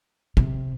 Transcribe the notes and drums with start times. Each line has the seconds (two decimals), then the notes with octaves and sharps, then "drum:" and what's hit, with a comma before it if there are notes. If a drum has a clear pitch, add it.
0.37 C3, drum: kick